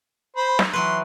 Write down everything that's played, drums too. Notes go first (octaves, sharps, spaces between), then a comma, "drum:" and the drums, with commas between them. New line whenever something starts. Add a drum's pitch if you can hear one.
C5 B5
drum: snare
E3 F#3 B4 C6